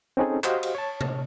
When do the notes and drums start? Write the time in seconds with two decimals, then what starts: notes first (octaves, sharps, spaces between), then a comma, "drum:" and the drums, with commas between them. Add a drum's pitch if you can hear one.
0.17 C4 C#4 D#4 G#4 A4
0.44 F#4 G4 C5 D#5 F5, drum: clap
0.63 drum: cymbal
0.75 C#5 A5
1.01 drum: tom C3